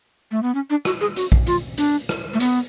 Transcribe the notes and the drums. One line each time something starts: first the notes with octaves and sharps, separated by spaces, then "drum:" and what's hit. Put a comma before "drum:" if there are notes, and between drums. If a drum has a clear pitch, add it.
A3
B3
C#4
D4
F#4, drum: rim click
G#4
F#4, drum: hi-hat
drum: kick A#1
F4, drum: hi-hat
D4, drum: hi-hat
drum: rim click
A3
B3, drum: hi-hat